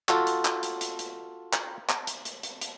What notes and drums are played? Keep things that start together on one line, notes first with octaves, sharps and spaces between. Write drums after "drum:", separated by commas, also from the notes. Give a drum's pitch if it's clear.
F4 F#4 A4, drum: clap
drum: hi-hat
drum: clap
drum: hi-hat
drum: hi-hat
drum: hi-hat
drum: clap
drum: clap
drum: hi-hat
drum: hi-hat
drum: hi-hat
drum: hi-hat